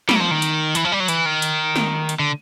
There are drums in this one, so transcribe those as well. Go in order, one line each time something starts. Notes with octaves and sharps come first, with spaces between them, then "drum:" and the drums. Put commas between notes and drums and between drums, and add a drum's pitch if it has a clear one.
G3, drum: snare
F#3
F3
D#3
drum: hi-hat
E3, drum: hi-hat
F3
G3
F#3
E3, drum: hi-hat
D#3
drum: hi-hat
drum: snare
drum: hi-hat
D3